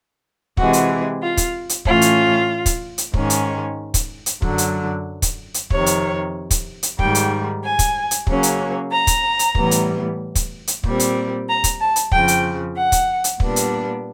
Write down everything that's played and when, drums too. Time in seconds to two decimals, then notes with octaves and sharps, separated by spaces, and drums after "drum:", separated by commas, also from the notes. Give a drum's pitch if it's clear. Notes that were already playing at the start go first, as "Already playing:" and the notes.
0.57 C3 E3 G#3 F#4, drum: kick
0.73 drum: hi-hat
1.22 F4
1.37 drum: kick, hi-hat
1.69 drum: hi-hat
1.85 A2 E3 A3 C#4 F4, drum: kick
2.02 drum: hi-hat
2.66 drum: kick, hi-hat
2.98 drum: hi-hat
3.14 G#2 D#3 G#3 C#4, drum: kick
3.30 drum: hi-hat
3.94 drum: kick, hi-hat
4.26 drum: hi-hat
4.42 F#2 D3 F#3, drum: kick
4.58 drum: hi-hat
5.22 drum: kick, hi-hat
5.54 drum: hi-hat
5.70 F2 C3 D#3 C#5, drum: kick
5.86 drum: hi-hat
6.51 drum: kick, hi-hat
6.83 drum: hi-hat
6.99 G#2 D#3 G3 G5, drum: kick
7.15 drum: hi-hat
7.63 G#5
7.79 drum: kick, hi-hat
8.11 drum: hi-hat
8.27 C#3 F#3 A#3 C#4, drum: kick
8.43 drum: hi-hat
8.91 A#5
9.07 drum: kick, hi-hat
9.39 drum: hi-hat
9.55 A2 E3 G3 B3, drum: kick
9.71 drum: hi-hat
10.35 drum: kick, hi-hat
10.67 drum: hi-hat
10.84 A#2 G3 C4, drum: kick
11.00 drum: hi-hat
11.48 A#5
11.64 drum: kick, hi-hat
11.80 A5
11.96 drum: hi-hat
12.12 F2 C#3 F3 G5, drum: kick
12.28 drum: hi-hat
12.76 F#5
12.92 drum: kick, hi-hat
13.24 drum: hi-hat
13.40 A#2 G3 B3 D4, drum: kick
13.56 drum: hi-hat